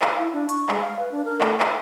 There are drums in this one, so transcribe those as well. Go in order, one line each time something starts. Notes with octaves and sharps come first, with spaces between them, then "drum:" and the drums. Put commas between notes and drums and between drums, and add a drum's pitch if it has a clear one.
F5, drum: clap
E4
D4
C#6, drum: hi-hat
G#3, drum: clap
F5
B4
D4
A#4
A3, drum: clap
E5, drum: clap